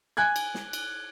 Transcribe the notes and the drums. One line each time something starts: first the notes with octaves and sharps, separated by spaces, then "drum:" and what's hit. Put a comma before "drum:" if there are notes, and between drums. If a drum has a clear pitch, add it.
G#5 F#6 G#6
drum: cymbal
drum: snare
drum: cymbal